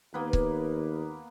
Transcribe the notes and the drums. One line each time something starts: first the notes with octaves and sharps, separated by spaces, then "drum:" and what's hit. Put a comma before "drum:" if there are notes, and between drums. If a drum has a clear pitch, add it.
D#2 A#3 B3 B4
drum: kick C#1